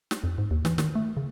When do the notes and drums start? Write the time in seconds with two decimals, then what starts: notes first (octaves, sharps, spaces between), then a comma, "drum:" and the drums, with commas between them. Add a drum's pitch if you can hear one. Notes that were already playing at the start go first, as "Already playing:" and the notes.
0.11 drum: snare
0.24 F2
0.38 G#2
0.51 D#2
0.65 E3, drum: snare
0.78 D#3, drum: snare
0.95 A3
1.17 C#3